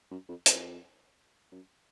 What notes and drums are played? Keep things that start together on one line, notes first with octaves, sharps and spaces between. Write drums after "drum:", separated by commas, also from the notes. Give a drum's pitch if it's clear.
F#2
F2
F2, drum: hi-hat
F#2